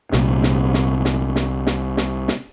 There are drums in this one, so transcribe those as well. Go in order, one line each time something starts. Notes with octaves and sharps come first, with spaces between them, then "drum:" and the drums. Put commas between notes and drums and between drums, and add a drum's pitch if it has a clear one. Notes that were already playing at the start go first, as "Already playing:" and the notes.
C2 A#2, drum: snare
drum: snare
drum: snare
drum: snare
drum: snare
drum: snare
drum: snare
drum: snare